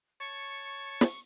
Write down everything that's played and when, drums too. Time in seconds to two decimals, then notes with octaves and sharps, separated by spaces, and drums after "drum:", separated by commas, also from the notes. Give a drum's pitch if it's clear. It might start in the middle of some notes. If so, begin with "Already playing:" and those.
0.20 C#5 A5 C#6
1.01 drum: snare